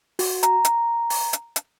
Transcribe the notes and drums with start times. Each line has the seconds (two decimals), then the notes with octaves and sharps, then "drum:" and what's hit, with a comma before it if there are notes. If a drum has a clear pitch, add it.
0.19 F#4, drum: open hi-hat
0.43 A#5, drum: hi-hat
0.65 drum: hi-hat
1.10 drum: open hi-hat
1.33 drum: hi-hat
1.56 drum: hi-hat